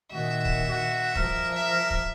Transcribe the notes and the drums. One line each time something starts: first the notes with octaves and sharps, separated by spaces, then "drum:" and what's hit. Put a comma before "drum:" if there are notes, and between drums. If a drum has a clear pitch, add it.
A#2 D#3 F#4 E5
drum: kick
F#4
F3 A#4, drum: kick
E5
drum: kick